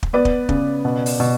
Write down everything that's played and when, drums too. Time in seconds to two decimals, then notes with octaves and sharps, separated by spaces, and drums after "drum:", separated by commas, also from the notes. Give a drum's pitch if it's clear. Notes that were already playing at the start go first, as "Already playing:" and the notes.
0.03 drum: kick
0.13 B3 B4 D5
0.25 drum: kick
0.49 C#3, drum: kick
0.85 B2
1.06 drum: open hi-hat
1.20 B2